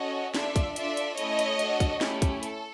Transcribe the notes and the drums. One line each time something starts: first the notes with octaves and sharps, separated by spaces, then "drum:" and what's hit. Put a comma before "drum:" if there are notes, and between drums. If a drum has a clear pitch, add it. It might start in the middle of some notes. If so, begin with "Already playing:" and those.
Already playing: C#4 F#4 A4 C#5 D#5
D4 F4 A4 D5 E5, drum: snare
drum: kick, hi-hat
D4 F4 A4 D5 E5, drum: hi-hat
drum: hi-hat
A3 C#4 E4 A4 C#5 D#5, drum: hi-hat
drum: hi-hat
D4 F#4 A4, drum: hi-hat
drum: kick, hi-hat
A3 C#4 E4 G4, drum: snare
drum: kick, hi-hat
A4, drum: hi-hat